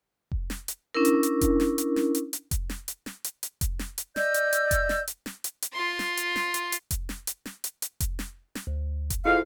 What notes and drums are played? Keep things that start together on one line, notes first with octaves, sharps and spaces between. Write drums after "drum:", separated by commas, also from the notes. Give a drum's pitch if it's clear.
drum: kick F1
drum: snare
drum: hi-hat
C#4 D4 E4 A#4
drum: hi-hat
drum: hi-hat
drum: kick F1, hi-hat
drum: snare
drum: hi-hat
drum: snare
drum: hi-hat
drum: hi-hat
drum: kick F1, hi-hat
drum: snare
drum: hi-hat
drum: snare
drum: hi-hat
drum: hi-hat
drum: kick F1, hi-hat
drum: snare
drum: hi-hat
D5 D#5 E6 G6, drum: snare
drum: hi-hat
drum: hi-hat
drum: kick F1, hi-hat
drum: snare
drum: hi-hat
drum: snare
drum: hi-hat
drum: hi-hat
F4 C6
drum: snare
drum: hi-hat
drum: snare
drum: hi-hat
drum: hi-hat
drum: kick F1, hi-hat
drum: snare
drum: hi-hat
drum: snare
drum: hi-hat
drum: hi-hat
drum: kick F1, hi-hat
drum: snare
drum: snare
D2
drum: kick F1, hi-hat
G#2 E4 F4 A4 F5